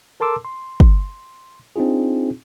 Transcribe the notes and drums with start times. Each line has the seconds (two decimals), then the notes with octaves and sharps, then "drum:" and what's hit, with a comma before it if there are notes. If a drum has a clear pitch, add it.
0.20 A4 A#4 A5 C6 D6 E6
0.45 C6
0.80 drum: kick
1.76 C4 D4 D#4 F4 G#4